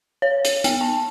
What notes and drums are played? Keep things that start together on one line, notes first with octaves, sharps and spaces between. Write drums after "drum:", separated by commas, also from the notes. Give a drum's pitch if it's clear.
C#5
drum: hi-hat
B3, drum: hi-hat
A5